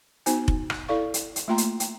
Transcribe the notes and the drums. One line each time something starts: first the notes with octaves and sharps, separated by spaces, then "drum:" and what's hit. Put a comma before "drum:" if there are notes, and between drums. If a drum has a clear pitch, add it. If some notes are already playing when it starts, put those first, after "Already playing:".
B3 D#4 F#4 C5 G#5, drum: hi-hat
drum: kick F1
drum: rim click
E4 A4 D5 F5 C#6
drum: hi-hat
drum: hi-hat
A3 A#3 F4 G5 A#5 C6
drum: hi-hat
G5, drum: hi-hat